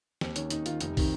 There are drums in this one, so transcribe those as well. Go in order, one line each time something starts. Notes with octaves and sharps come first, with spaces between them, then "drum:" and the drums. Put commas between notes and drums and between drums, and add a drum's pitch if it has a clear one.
D#2 C4, drum: snare
D#3 C#4, drum: hi-hat
D#2 D#4, drum: hi-hat
D#3 F4, drum: hi-hat
F1 D#4, drum: hi-hat
C3 D#3, drum: kick, open hi-hat